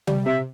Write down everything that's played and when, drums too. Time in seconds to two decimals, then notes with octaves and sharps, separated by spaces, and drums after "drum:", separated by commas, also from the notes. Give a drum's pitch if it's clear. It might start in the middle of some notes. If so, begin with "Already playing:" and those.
0.07 G3, drum: tom C3
0.26 C3 E5